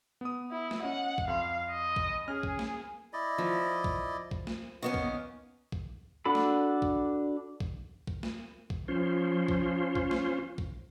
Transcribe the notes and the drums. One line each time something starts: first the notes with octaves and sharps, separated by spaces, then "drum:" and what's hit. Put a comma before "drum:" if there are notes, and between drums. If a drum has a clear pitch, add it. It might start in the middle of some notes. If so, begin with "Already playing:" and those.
B3 D#6
E4
drum: snare A#3
C#4 D#5 F#5
drum: kick
F2 F5 C6
D#5
drum: kick
C#4 G#4 F6
drum: kick
drum: snare A#3
E4 D5 D#5
F3
drum: kick
drum: kick
drum: snare A#3
D#3 A#3 B3 C#4 F#4
drum: kick
drum: kick
D4 F#4 A4 B5
drum: snare A#3
drum: kick
drum: kick
drum: kick
drum: snare A#3
drum: kick
F3 C#4 F4 C5
drum: kick
drum: kick
drum: snare A#3
drum: kick